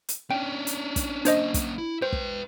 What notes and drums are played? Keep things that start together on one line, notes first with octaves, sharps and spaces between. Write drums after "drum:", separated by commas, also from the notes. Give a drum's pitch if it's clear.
drum: hi-hat
C#4 D4 G5
drum: hi-hat
drum: kick, hi-hat
A#3 C#4 D4 C5 D#5, drum: hi-hat
drum: kick, hi-hat
E4
B4 C5 G5
drum: kick